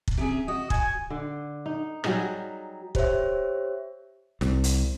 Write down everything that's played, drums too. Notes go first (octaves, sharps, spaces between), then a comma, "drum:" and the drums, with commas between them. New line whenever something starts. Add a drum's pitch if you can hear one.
drum: kick
C3 C#4 G#4
F#4 D#5
G#5, drum: kick
D3
D#4
F#3 G3 D#4 G#4, drum: rim click
G4 C5 C#5 E5, drum: kick
C2, drum: snare
drum: hi-hat